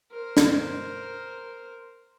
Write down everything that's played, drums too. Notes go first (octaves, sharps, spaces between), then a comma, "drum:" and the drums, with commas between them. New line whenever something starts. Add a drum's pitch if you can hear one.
A#4 C5
drum: snare